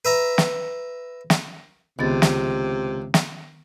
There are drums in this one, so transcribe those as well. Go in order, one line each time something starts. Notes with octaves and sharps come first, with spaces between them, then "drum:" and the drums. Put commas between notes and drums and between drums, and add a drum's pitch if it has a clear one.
B4 E5 A#5
drum: snare
drum: snare
C#2 C3 D#3 B3 A6
drum: snare
drum: snare